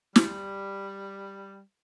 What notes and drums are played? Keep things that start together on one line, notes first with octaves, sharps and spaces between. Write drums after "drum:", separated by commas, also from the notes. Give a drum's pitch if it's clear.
G3, drum: snare